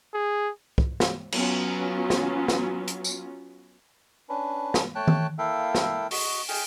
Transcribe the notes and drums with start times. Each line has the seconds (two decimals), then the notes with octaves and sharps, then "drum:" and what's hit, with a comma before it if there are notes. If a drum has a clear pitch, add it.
0.13 G#4
0.78 drum: kick
1.00 drum: snare
1.32 F#3 B3 C#4 F4, drum: cymbal
2.10 drum: snare
2.48 drum: snare
2.88 drum: hi-hat
3.04 drum: tambourine
4.29 C#4 D4 B4
4.74 drum: snare
4.95 A3 C#5 G5 A5 F#6
5.07 drum: tom D#3
5.38 A#3 E4 A4 E5 F5 G5
5.75 drum: snare
6.11 F#4 D#5 C#6, drum: open hi-hat
6.49 G#4 G5 G#5 F6, drum: open hi-hat